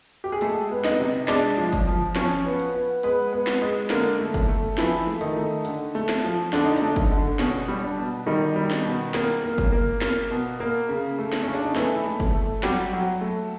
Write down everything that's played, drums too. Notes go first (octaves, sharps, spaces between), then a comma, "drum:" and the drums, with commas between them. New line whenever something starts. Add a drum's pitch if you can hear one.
G4
G#4
G#3 A3 A4, drum: hi-hat
B3
D#4 D#5, drum: snare
C3
G#3 D4 D5, drum: snare
F3
drum: kick G1, hi-hat
F3
F3 C#4 C#5, drum: snare
B3
drum: hi-hat
B3
G#3 B3 B4, drum: hi-hat
B3
drum: snare
G#3
D3 A#3 A#4, drum: snare
A3
drum: kick G1, hi-hat
A3
E3 F3 E4, drum: snare
A3
D#3 D#4, drum: hi-hat
A3
D3, drum: hi-hat
A3
drum: snare
F3
D3 D4, drum: snare
D#4
A3 D4, drum: hi-hat
drum: kick G1, hi-hat
D3
B2 C#4, drum: snare
G3
D4
B2
D#3 G3 D#4
G3
drum: snare
B2
A#3, drum: snare
A#3
drum: kick G1
A#3
A#3, drum: snare
B2
A#3
C#3
A3
drum: snare
C#3 C#4
D4, drum: hi-hat
D#4
E3 A3 E4, drum: snare
A3
drum: kick G1, hi-hat
A3
F#3 G3 G4, drum: snare
F#3
A3